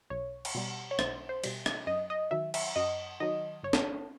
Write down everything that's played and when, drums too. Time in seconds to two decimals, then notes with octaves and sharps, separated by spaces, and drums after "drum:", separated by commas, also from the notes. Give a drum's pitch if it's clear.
0.10 B1 C#5
0.45 drum: cymbal
0.55 B2 G3
0.91 C#5
0.99 B1 C5, drum: rim click
1.29 C5
1.44 B2 G3, drum: cymbal
1.66 drum: rim click
1.87 F#2 D#5
2.10 D#5
2.31 D#3 F#3 E5
2.54 E5, drum: cymbal
2.76 F#2 D#5
3.20 D#3 F#3 D#5
3.63 G1 C#5
3.73 drum: snare